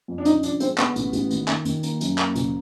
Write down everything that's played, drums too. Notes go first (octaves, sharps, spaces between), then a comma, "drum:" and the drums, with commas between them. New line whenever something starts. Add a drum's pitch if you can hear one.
F2
D4
C#3 D#4, drum: hi-hat
F3 D4, drum: hi-hat
G#3 C4, drum: hi-hat
D3 B3, drum: clap
A1, drum: hi-hat
A1, drum: hi-hat
D#3, drum: hi-hat
D#3, drum: clap
D#3, drum: hi-hat
A#3, drum: hi-hat
F#2, drum: hi-hat
A#3, drum: clap
F#1, drum: hi-hat